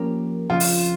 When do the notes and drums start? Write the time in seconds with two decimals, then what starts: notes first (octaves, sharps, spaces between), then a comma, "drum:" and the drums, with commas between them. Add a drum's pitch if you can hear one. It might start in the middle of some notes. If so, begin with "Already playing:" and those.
Already playing: F3 A#3 C#4 G4 A#4
0.50 F2 C#3 F3 F4
0.60 drum: open hi-hat